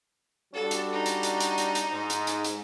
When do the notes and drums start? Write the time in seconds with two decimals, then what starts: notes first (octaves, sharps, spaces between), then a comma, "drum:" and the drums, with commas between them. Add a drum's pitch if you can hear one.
0.54 G3 D4 F#4 A4
0.71 drum: hi-hat
0.92 D#4
1.06 drum: hi-hat
1.23 drum: hi-hat
1.40 drum: hi-hat
1.58 drum: hi-hat
1.75 drum: hi-hat
1.92 G#2
2.10 drum: hi-hat
2.27 drum: hi-hat
2.44 drum: hi-hat